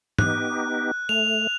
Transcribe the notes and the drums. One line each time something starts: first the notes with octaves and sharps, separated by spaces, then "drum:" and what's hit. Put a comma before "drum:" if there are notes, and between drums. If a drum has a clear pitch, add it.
B3 D#4 G4 F#6, drum: tom G#2
A3 F7